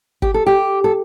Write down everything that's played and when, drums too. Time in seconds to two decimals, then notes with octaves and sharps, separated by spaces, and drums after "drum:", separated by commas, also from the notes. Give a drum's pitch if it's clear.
0.22 G4, drum: kick
0.34 A4
0.46 G4
0.84 A4